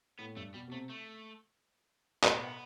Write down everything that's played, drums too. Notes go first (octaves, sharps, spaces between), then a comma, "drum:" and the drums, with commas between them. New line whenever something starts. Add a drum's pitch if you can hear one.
A2 B3
G2 A3
B2 G3
B2
C3 A3
A3
A2, drum: clap
B2 B3